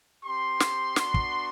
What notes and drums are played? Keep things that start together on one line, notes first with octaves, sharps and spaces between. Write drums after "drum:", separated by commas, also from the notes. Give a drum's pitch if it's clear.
C4 G4 C6
drum: snare
B3 D4 F#4, drum: snare
drum: kick